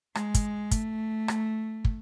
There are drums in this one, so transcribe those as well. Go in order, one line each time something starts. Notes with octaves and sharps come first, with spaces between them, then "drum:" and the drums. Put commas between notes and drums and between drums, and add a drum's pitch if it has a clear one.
G#3, drum: rim click
drum: kick, hi-hat
A3, drum: kick, hi-hat
drum: rim click
drum: kick